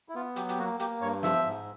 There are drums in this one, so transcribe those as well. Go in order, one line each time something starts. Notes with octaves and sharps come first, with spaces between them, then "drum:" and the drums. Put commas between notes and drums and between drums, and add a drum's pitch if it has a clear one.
E4
B3 F4
F#3 G4, drum: hi-hat
G4, drum: hi-hat
A#3 F#4
A#3 G4, drum: hi-hat
G2 C#5
F3 E5, drum: snare
G#2